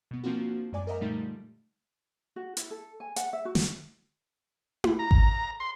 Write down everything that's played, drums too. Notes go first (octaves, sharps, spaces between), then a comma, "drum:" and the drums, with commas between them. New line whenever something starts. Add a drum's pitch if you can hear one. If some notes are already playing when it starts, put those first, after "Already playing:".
B2 B3
F3 A#3 C4 D4 F4 F#4
F#2 G#3 D5 G#5 D6
A#4 C5 D#5 E5 F#5 A#5
A#2 D3 F3 G3 A3 D#4
F#4
E4, drum: hi-hat
A4
G#5
F#5, drum: hi-hat
E5
F#4
drum: snare
drum: tom E4
A#5
drum: kick G#1
C6